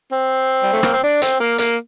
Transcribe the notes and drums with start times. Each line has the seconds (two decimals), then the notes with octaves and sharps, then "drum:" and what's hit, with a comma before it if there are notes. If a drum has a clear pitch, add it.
0.12 C4
0.62 G3
0.73 A3
0.83 A#3, drum: rim click
0.93 C4
1.03 D4
1.22 C4, drum: hi-hat
1.40 A#3
1.58 A#3, drum: hi-hat